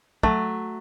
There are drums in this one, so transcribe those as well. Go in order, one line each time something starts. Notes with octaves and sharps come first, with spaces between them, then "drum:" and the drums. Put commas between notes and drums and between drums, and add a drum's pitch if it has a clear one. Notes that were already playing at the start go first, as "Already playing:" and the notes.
F#3 A3, drum: kick